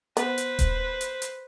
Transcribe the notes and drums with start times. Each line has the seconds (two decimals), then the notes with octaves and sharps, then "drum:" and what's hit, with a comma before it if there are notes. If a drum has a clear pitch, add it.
0.17 B3 B4 C5, drum: hi-hat
0.38 drum: hi-hat
0.59 drum: kick D#1, hi-hat
1.01 drum: hi-hat
1.22 drum: hi-hat